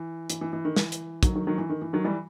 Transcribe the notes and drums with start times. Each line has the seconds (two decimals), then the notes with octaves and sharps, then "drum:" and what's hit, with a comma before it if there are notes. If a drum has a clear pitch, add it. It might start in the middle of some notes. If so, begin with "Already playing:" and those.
Already playing: E3
0.30 E3, drum: hi-hat
0.41 E3
0.53 E3
0.65 D#3
0.76 E3, drum: snare
0.92 drum: hi-hat
1.23 D#3 F#3, drum: kick, hi-hat
1.35 D#3 F#3
1.47 D#3 F#3
1.58 E3
1.70 D#3
1.82 E3
1.93 D#3 F#3
2.04 E3 G3